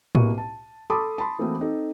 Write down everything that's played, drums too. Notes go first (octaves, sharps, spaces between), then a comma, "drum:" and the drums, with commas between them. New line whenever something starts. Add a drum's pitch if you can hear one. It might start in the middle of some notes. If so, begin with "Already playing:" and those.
C2 B2 A#3 B4 C#6 D#7, drum: tom A2
A5
A4 A5 B5 C6 D6 D#6
A5 B5 C6
E3 A3 A#3 C4 E4 F#4
C4 D#4 A4